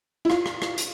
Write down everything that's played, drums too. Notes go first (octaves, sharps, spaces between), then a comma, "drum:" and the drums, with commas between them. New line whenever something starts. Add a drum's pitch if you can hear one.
E4
F4, drum: rim click
drum: rim click
drum: rim click
drum: hi-hat